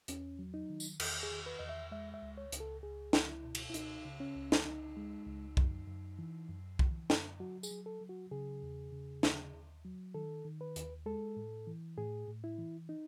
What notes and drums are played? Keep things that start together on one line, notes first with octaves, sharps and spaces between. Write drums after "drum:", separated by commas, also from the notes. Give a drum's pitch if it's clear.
E2 C#4, drum: hi-hat
F#3
D#4
D#3
drum: tambourine
E2, drum: cymbal
G#4
D#3
B4
E2 D#5
E5
G#3 E5
E5
C#2
C#5
C#2, drum: hi-hat
A4
C#2 G#4
C#2, drum: snare
E4
B2
drum: cymbal
E4
C#2 D#4, drum: hi-hat
C#3
C#4
C#2
drum: snare
C#2 D#4
G#3
C#2
F#2, drum: kick B1
F#2
E3
F#2
E3, drum: kick B1
F#2, drum: snare
F#3 F#4
G#4, drum: tambourine
F#3
A4
F#3
F#4
C#3 G#4
E2
C#3
D#2, drum: snare
D#2
F#3
D#3 A4
D#3
B4
D#2, drum: hi-hat
G#3 A4
A2
E3
A2 G#4
A2
E4
E3
D#4